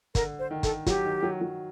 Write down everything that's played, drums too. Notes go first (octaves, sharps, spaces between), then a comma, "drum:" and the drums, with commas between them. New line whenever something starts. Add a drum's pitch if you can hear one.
D3 A#4, drum: kick, hi-hat
C5
D#3
A4, drum: kick, hi-hat
F#3 G4, drum: kick, hi-hat
D#3
F#3
F#3